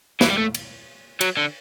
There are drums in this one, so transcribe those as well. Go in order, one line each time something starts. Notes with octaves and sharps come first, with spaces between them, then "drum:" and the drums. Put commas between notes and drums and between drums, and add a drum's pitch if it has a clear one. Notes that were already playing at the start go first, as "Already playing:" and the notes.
E3, drum: snare
G3
A3
drum: cymbal
F#3, drum: cymbal
D3